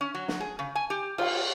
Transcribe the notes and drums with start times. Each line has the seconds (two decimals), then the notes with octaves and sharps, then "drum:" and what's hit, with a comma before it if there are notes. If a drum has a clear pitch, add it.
0.01 C#4
0.15 F#3
0.28 drum: snare
0.40 G#4
0.59 C#3
0.75 G#5
0.90 G4
1.18 F4, drum: cymbal